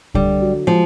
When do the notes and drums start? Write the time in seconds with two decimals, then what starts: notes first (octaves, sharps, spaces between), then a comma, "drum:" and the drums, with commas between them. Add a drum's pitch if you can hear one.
0.14 D3 G3, drum: kick C2
0.41 F#3
0.67 F3 G#3